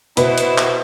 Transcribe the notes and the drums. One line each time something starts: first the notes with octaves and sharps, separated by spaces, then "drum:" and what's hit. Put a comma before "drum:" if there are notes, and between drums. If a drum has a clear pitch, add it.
B2 E4 B4 C5, drum: hi-hat
drum: hi-hat
drum: clap